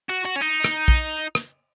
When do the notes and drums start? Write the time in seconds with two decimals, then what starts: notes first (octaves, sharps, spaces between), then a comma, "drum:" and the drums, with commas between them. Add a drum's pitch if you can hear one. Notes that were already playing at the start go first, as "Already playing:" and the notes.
0.09 F#4
0.25 F#4
0.35 C#4
0.41 D#4
0.64 drum: rim click
0.88 drum: kick
1.35 drum: rim click